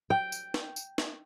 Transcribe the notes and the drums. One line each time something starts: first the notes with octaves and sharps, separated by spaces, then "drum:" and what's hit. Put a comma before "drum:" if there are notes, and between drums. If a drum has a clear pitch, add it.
G5
drum: tambourine
drum: snare
drum: tambourine
drum: snare